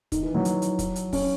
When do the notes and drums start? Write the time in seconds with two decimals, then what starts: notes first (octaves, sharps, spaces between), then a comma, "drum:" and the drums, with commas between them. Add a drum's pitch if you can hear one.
0.12 D#3, drum: kick, hi-hat
0.23 E3
0.34 F#3
0.45 drum: hi-hat
0.62 drum: hi-hat
0.79 drum: kick, hi-hat
0.96 drum: hi-hat
1.13 C#4, drum: kick, open hi-hat